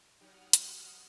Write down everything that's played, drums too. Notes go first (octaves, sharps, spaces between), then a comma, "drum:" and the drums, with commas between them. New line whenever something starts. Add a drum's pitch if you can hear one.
F#3 D#4 G4 F#5 D#6 F6
drum: hi-hat